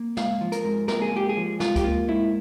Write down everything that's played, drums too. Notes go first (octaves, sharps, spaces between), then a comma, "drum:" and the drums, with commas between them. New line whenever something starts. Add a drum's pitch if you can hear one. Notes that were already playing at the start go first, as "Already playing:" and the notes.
Already playing: A#3
G#2 F5, drum: snare
F3
A#4, drum: hi-hat
G#2
A#3 A#4, drum: snare
G#4
G#2 G4
G#4
F3
G#2 F4, drum: snare
G4, drum: kick C#2, hi-hat
A#3 F4
G#2 E4